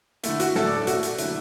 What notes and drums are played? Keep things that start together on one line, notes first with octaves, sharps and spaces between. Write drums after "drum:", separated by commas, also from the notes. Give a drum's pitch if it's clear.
D3 A3 E4, drum: hi-hat
F#4, drum: hi-hat
A2 F#3 A3 A4, drum: snare
D5
A4
B2 A3 F#4, drum: hi-hat
drum: hi-hat
D3 F#3 A3 E4, drum: hi-hat